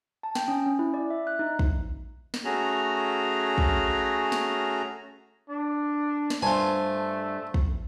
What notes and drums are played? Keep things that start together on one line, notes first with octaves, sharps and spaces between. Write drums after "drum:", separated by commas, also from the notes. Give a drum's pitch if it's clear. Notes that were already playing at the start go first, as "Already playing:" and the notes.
A5
G5, drum: snare
C#4
C#4
E4
D5
E5
F#6
D#4
drum: kick
drum: snare
A3 C#4 F#4 G#4 A#5
drum: kick
drum: snare
D4
drum: snare
G2 A3 F4 C5 G#5 A5
drum: kick